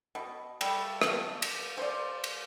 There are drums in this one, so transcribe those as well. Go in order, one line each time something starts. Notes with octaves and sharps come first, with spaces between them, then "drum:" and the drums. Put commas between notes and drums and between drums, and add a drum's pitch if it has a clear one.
B2
G3 A3, drum: cymbal
drum: rim click
drum: cymbal
C5 D5
drum: cymbal